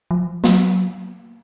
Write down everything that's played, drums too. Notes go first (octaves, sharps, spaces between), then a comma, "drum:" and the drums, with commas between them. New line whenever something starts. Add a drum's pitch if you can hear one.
F3
F#3, drum: snare